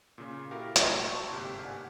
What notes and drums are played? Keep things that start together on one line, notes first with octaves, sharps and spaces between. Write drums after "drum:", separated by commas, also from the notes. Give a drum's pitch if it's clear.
A#2 C#3
E4 F#4 G4 A4 A#4 F5
F#4 A5 C#6, drum: hi-hat
A5 A#5 C6 C#6 E6 G6
G1 G#2 C3 A#3 G4 F6
D5 F#5 G#5